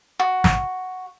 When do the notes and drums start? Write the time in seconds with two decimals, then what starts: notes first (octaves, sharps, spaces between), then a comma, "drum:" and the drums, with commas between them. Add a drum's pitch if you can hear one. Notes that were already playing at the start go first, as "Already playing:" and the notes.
0.19 F#4
0.44 drum: snare